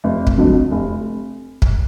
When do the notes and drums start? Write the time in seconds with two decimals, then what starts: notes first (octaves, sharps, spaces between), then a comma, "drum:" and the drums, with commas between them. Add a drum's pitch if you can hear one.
0.04 F1
0.27 drum: kick
0.38 F2 D3 F#3
0.71 F1
1.62 drum: kick